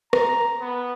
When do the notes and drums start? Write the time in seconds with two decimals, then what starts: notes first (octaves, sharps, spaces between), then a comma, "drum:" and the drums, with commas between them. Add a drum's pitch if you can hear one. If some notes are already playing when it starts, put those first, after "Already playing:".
0.13 A#5, drum: rim click
0.61 B3